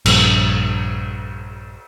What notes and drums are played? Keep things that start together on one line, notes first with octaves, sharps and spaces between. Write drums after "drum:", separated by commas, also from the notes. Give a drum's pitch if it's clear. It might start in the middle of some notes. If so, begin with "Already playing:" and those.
A#1 G2, drum: cymbal